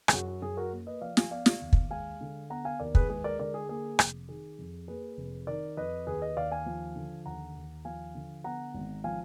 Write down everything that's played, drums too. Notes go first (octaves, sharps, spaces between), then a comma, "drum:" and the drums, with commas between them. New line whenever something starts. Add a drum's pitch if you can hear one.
G#4, drum: rim click
F#2 F#4
F#4
F#2 G#4
F#4 A#4
A#3
B4 D#5
F3 D5 F5
F5 G#5, drum: snare
B3 D5 F5
drum: snare
D#2
drum: kick
G#3 F5 G#5
D3
B3 F#5 A#5
F5 G#5
D#2 A#4 D5
G#4 B4, drum: kick
G#3 G#4 B4
A#4 D5
D3 A#4 D5
G#4
A#3 G#4
F1, drum: rim click
D#3 G#4
F2
A#3 G#4 B4
F1
D#3 A#4 D5
F2 B4 D#5
D#2 G#4 B4
B4 D#5
D#2 D5 F5
F5 G#5
F3
D3
D#2 F#5 A#5
D#2
F3 F5 G#5
D3
B3 F#5 A#5
G#1
F3 F5 G#5